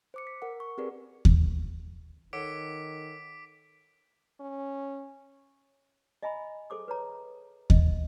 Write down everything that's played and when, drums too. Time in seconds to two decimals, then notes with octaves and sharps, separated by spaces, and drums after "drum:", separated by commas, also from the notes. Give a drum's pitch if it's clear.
0.14 C5 D6 C#7
0.27 B6
0.42 A#4 F#5
0.60 C#6
0.78 C4 G4 G#4 A#4 B4 D5
1.25 drum: kick D#2
2.33 D#3 A4 C#5 F#5 D6 B6 D7
4.40 C#4
6.23 D#5 E5 G#5 A#5 B5
6.70 G#4 A4 C5 D6 D#6
6.88 B4 C#5 A#5
7.70 D#5, drum: kick D#2